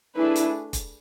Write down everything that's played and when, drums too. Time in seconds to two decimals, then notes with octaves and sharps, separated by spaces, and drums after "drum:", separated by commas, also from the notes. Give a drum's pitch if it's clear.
0.16 A3 D4 E4 G#4 B4
0.36 drum: hi-hat
0.73 drum: kick, hi-hat